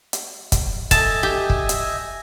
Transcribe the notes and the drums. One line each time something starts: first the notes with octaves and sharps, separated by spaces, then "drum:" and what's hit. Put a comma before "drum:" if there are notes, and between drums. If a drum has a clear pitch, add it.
drum: hi-hat
drum: kick, hi-hat
D#5 E5 G#5 A5, drum: kick, hi-hat
G4
drum: kick
drum: hi-hat